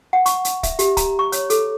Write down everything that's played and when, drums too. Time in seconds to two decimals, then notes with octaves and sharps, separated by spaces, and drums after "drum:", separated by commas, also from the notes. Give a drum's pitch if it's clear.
0.13 F#5
0.26 C#6, drum: hi-hat
0.45 drum: hi-hat
0.63 E5, drum: kick, hi-hat
0.79 G4, drum: hi-hat
0.97 A#5, drum: kick, hi-hat
1.19 C#6
1.32 C#5, drum: hi-hat
1.50 A4, drum: hi-hat